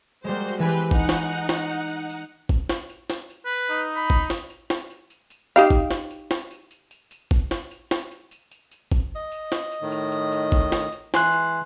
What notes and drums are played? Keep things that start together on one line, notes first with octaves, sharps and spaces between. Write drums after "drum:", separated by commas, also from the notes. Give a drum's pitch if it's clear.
G3 G#3 A#3 F#4 C5
drum: tambourine
E3 C4 G4 B4 G#5 B5
drum: tambourine
D#4 F#5, drum: kick, tambourine
drum: snare
drum: snare
drum: tambourine
drum: tambourine
drum: tambourine
drum: kick, tambourine
drum: snare
drum: tambourine
drum: snare
drum: tambourine
B4
D#4, drum: tambourine
B5
drum: kick
drum: snare
drum: tambourine
drum: snare
drum: tambourine
drum: tambourine
drum: tambourine
D#4 G4 F5
drum: kick, tambourine
drum: snare
drum: tambourine
drum: snare
drum: tambourine
drum: tambourine
drum: tambourine
drum: tambourine
drum: kick, tambourine
drum: snare
drum: tambourine
drum: snare
drum: tambourine
drum: tambourine
drum: tambourine
drum: tambourine
drum: kick, tambourine
D#5
drum: tambourine
drum: snare
drum: tambourine
A2 D#3
drum: tambourine
drum: tambourine
drum: tambourine
drum: kick, tambourine
drum: snare
drum: tambourine
E3 G#3 G#5 C6 F#6, drum: snare
drum: tambourine